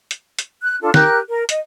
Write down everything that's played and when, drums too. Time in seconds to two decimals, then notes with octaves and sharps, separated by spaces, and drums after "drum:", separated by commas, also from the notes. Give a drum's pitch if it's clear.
0.11 drum: hi-hat
0.39 drum: hi-hat
0.62 F#6
0.82 D4 F4 A4
0.94 G4 A#4 F#6, drum: snare
1.29 A#4
1.49 D#5, drum: hi-hat